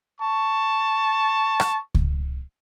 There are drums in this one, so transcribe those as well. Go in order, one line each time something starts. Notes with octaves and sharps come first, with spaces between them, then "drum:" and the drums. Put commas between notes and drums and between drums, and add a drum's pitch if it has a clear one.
A5 C#6
drum: rim click
drum: kick C#2